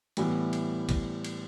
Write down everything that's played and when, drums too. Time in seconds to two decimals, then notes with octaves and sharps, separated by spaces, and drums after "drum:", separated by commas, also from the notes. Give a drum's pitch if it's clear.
0.17 A2 E3 G3 B3 E4, drum: cymbal
0.53 drum: cymbal
0.89 drum: kick, cymbal
1.24 drum: cymbal